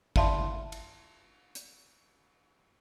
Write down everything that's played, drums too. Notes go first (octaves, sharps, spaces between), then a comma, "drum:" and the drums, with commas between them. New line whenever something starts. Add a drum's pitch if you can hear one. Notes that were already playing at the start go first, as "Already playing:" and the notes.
E4 D5 E5 F5 A5 C6, drum: kick
drum: cymbal
drum: hi-hat